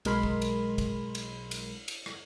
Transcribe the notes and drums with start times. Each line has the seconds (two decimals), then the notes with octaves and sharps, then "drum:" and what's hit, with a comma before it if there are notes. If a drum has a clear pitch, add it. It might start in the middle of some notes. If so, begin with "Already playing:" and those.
0.05 B1 G#3 A#4 B5 C6, drum: cymbal
0.23 drum: kick
0.42 drum: cymbal
0.78 drum: kick, cymbal
1.15 drum: cymbal
1.51 drum: cymbal
1.88 drum: cymbal
2.06 drum: rim click